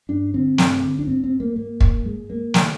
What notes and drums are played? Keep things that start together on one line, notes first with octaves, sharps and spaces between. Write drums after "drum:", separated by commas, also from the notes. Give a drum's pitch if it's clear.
G2 D4
D3 C4
G2, drum: snare
D3
D4
G#2 C4
C4
A#3
G#2 A#3
drum: kick
G#2 G#3
A#3
D#3, drum: snare